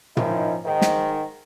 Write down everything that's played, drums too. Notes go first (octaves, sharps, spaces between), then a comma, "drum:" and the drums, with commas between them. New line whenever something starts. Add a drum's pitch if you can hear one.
D#3 F3 C#4 D#4 E4, drum: tom
G#2 D#3
drum: snare